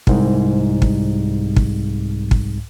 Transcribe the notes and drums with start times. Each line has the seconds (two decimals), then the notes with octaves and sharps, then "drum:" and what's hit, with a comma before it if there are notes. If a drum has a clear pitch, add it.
0.07 C2 G#2, drum: kick
0.82 drum: kick
1.56 drum: kick
2.31 drum: kick